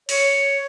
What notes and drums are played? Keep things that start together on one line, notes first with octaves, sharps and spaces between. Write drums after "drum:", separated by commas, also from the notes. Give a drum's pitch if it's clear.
C#5, drum: open hi-hat